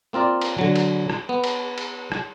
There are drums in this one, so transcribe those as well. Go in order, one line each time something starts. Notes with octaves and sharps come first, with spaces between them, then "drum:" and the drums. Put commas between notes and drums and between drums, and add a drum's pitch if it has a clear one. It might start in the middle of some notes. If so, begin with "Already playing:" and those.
A#3 C4 F4 A#4 D5
drum: cymbal
D3 F#3
drum: cymbal
drum: rim click
B3
drum: cymbal
drum: cymbal
drum: rim click